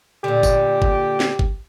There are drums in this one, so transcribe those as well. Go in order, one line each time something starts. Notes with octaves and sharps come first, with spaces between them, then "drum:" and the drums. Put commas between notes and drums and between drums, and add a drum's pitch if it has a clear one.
A#2 D3 G4
drum: kick G1, tambourine
drum: kick G1
drum: snare
drum: kick G1